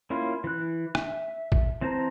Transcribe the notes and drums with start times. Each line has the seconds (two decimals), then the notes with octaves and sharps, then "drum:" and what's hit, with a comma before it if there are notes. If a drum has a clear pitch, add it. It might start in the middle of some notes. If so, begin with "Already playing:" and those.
0.10 A#3 C#4 E4 F4
0.44 E3 F#6
0.95 E5, drum: rim click
1.52 drum: kick
1.81 E3 C4 C5 A5 A#5